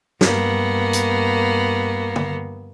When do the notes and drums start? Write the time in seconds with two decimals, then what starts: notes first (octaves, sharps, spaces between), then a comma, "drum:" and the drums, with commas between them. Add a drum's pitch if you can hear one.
0.21 G2 A#3 B3, drum: snare
0.93 drum: hi-hat
2.16 drum: tom